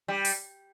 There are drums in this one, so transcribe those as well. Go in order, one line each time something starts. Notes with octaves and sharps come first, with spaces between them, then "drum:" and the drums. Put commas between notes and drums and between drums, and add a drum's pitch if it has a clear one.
G3
drum: open hi-hat